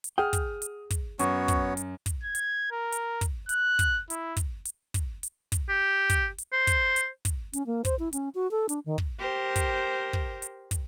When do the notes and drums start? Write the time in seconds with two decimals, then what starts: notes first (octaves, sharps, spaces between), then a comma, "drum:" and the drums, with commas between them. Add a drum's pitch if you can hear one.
0.04 drum: hi-hat
0.18 G#4 F#5 G5 D#6 F6
0.33 drum: kick, hi-hat
0.62 drum: hi-hat
0.90 drum: kick, hi-hat
1.19 F#2 B3 F#4 C#5, drum: hi-hat
1.48 drum: kick, hi-hat
1.77 drum: hi-hat
2.06 drum: kick, hi-hat
2.23 G#6
2.35 drum: hi-hat
2.71 A#4
2.92 drum: hi-hat
3.21 drum: kick, hi-hat
3.49 F#6, drum: hi-hat
3.79 drum: kick, hi-hat
4.10 E4, drum: hi-hat
4.37 drum: kick, hi-hat
4.65 drum: hi-hat
4.94 drum: kick, hi-hat
5.23 drum: hi-hat
5.52 drum: kick, hi-hat
5.69 G4
6.10 drum: kick, hi-hat
6.38 drum: hi-hat
6.53 C5
6.67 drum: kick, hi-hat
6.96 drum: hi-hat
7.25 drum: kick, hi-hat
7.53 C#4, drum: hi-hat
7.67 A#3
7.85 C5, drum: kick, hi-hat
7.99 E4
8.13 C#4, drum: hi-hat
8.35 F#4
8.51 A4
8.69 D4, drum: hi-hat
8.86 D#3
8.98 drum: kick
9.19 G4 A#4 C5
9.56 drum: kick, hi-hat
10.13 drum: kick
10.42 drum: hi-hat
10.71 drum: kick, hi-hat